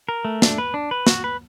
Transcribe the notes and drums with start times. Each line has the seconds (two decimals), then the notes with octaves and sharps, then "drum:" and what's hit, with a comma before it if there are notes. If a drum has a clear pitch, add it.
0.09 A#4
0.25 A3
0.42 D4, drum: snare
0.58 B4
0.74 D4
0.91 B4
1.07 F#4, drum: snare
1.24 B4